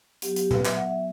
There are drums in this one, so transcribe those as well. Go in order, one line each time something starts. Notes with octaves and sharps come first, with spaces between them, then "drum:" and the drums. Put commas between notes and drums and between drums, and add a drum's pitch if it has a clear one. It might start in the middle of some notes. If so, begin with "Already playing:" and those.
F#3 B3 F#4 G4, drum: hi-hat
G4, drum: hi-hat
B4, drum: tom A#2
E5, drum: clap
F#5
E5